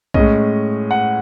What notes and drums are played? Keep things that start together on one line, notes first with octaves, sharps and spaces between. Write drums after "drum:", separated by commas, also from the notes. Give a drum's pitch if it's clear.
A2 G#3 C#4 D#5, drum: kick
F#5